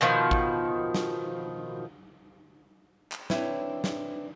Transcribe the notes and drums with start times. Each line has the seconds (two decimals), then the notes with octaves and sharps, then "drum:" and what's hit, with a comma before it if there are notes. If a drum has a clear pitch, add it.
0.01 B2 D#3 F3
0.31 drum: kick
0.94 drum: snare
3.12 drum: clap
3.30 C4 D4 E4 B4 C#5, drum: snare
3.84 drum: snare